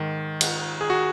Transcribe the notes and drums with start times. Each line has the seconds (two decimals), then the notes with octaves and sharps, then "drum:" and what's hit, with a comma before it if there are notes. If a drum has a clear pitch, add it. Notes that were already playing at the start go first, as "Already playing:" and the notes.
Already playing: G#2 D#3
0.41 drum: cymbal
0.81 G#4
0.90 F#4